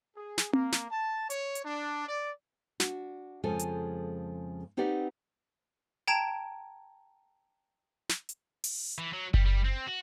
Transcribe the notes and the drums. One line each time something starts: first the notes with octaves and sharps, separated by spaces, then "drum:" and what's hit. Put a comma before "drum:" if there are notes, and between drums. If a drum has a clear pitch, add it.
G#4
drum: snare
A#3, drum: tom C4
drum: snare
A5
C#5, drum: hi-hat
drum: hi-hat
D4
D5
D4 F#4, drum: snare
F2 C#3 F3 G#3 A4 G#5
drum: hi-hat
C4 D#4 G4 B4 D5 F#5
G5 A5 A#5 G#6 D7 E7
drum: snare
drum: hi-hat
drum: open hi-hat
E3
F#3
G3, drum: kick F#1
G3
C4
F#4